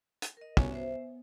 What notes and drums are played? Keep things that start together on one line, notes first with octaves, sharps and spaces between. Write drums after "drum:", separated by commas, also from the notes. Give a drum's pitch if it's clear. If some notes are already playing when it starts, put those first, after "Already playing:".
drum: hi-hat
A#4 D#5
C2 B3 C#4 F#4 C#5 G#5, drum: kick
B3 C5 E5